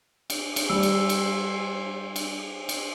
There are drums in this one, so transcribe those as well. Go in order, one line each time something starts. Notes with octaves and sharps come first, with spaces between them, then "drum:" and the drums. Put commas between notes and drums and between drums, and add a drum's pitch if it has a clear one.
drum: cymbal
drum: cymbal
G3 E6
drum: cymbal
drum: cymbal
drum: cymbal
drum: cymbal